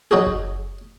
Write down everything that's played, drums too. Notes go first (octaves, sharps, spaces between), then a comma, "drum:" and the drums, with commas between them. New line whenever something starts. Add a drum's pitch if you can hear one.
F#3 D#4 F#4 G#4
drum: kick F#1